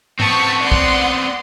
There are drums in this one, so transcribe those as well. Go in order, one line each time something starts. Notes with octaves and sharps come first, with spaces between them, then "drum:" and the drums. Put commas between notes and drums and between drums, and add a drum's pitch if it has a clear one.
B3 C4 A5 C#6 B6, drum: tom G#2
D5 F#5 C6
drum: kick